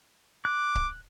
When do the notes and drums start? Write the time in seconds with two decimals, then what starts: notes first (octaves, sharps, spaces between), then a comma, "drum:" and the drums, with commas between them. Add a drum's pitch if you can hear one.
0.45 D6 F#6
0.75 drum: kick C#1